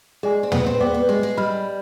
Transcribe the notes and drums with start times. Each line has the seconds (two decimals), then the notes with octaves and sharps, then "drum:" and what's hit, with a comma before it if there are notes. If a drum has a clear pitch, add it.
0.23 G#3 G#4 D5 G#5
0.43 C4
0.52 B3, drum: tom
0.66 C4
0.80 B3 G#4 D5 G5 D6
0.94 B3
1.09 G#3
1.23 G#3
1.37 G3 D#5 B5 F6